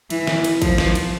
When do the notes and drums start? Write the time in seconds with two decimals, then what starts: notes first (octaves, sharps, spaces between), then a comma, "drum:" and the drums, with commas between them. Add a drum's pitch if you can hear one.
0.10 E3, drum: cymbal
0.27 drum: snare
0.44 drum: cymbal
0.62 F3, drum: kick, cymbal
0.78 drum: snare
0.95 drum: cymbal